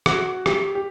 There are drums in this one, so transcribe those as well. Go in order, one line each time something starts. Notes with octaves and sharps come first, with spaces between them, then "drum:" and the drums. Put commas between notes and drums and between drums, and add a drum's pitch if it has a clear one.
F#4, drum: rim click
G4, drum: rim click
G4